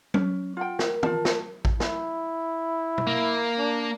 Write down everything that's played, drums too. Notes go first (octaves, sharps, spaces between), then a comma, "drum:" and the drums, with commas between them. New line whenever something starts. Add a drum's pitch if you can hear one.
C#4, drum: tom
F4 F#5 G5
A#4, drum: snare
F4 A5, drum: tom
drum: snare
drum: kick A1
E4, drum: snare
drum: tom
A#3
D4